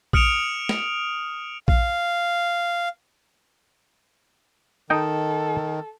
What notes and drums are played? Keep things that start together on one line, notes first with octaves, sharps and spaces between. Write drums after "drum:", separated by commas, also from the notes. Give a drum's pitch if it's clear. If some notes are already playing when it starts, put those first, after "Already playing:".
D#6 F6 C#7 D7 E7 F7, drum: kick A#1
drum: snare
F5, drum: kick A#1
D#3 D#4 A4 G5